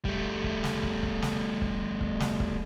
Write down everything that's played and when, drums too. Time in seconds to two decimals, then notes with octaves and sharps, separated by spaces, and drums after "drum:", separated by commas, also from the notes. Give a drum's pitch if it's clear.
0.05 G3 A3, drum: kick
0.44 drum: kick
0.64 drum: snare
0.83 drum: kick
1.03 drum: kick
1.22 drum: snare
1.62 drum: kick
2.01 drum: kick
2.20 drum: snare
2.40 drum: kick